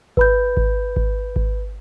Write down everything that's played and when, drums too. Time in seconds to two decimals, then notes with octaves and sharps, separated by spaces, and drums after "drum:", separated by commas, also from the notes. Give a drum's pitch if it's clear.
0.17 B4 B5 G6, drum: kick G#1
0.57 drum: kick G#1
0.96 drum: kick G#1
1.36 drum: kick G#1